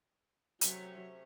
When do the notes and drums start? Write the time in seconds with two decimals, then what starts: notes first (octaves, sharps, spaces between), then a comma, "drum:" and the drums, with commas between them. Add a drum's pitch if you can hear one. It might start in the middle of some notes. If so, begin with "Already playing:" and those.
0.61 C3 F#3 A3 C#4, drum: hi-hat